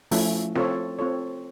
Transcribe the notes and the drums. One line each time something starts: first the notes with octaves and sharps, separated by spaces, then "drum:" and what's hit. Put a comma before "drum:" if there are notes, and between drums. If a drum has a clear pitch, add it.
F3 A3 C#4 E4, drum: open hi-hat
C4 F4 A4 C#5, drum: snare
C4 F4 A4 C#5